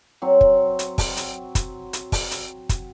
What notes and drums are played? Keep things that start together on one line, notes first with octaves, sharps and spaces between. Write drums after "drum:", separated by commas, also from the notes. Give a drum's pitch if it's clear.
F#3 C4
drum: kick
drum: hi-hat
drum: kick, open hi-hat
drum: hi-hat
drum: kick, hi-hat
drum: hi-hat
drum: kick, open hi-hat
drum: hi-hat
drum: kick, hi-hat